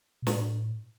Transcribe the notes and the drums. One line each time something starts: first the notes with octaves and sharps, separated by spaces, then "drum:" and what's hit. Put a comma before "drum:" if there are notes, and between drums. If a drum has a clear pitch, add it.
B2
A2, drum: snare